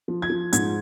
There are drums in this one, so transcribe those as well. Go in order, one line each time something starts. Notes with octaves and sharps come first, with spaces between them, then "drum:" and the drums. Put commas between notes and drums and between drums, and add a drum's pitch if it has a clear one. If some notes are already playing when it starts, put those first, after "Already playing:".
F3
G#6
F3
G#2 G#6, drum: hi-hat